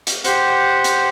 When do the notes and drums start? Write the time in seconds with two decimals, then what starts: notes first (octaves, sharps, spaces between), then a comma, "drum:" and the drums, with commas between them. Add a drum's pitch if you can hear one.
0.07 drum: hi-hat
0.24 G4 C5 F#5, drum: hi-hat
0.84 drum: hi-hat